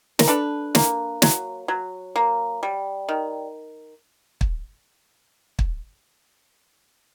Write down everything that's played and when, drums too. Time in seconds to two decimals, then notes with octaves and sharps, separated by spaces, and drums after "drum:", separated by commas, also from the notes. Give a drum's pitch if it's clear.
0.19 A#4, drum: snare
0.28 D4 A4 B4
0.75 A#3, drum: snare
1.22 F#3, drum: snare
1.68 F#3
2.16 A#3
2.63 G3
3.09 D#3
4.41 drum: kick
5.59 drum: kick